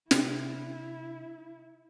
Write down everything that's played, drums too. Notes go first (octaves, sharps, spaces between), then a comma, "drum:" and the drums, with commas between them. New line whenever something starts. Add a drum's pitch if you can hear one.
C3 D4 E4, drum: snare